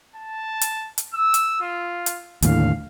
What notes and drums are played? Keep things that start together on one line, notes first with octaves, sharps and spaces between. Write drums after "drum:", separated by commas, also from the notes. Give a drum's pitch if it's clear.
A5
drum: hi-hat
drum: hi-hat
E6
drum: hi-hat
F4
drum: hi-hat
D#2 A2 D3 F5, drum: hi-hat